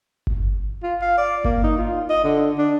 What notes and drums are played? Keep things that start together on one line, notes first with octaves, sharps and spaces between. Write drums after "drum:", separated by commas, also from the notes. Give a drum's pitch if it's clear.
drum: kick G1
F4
F5
D5
A#3, drum: kick G1
D#4
F4
D#5
D3
D4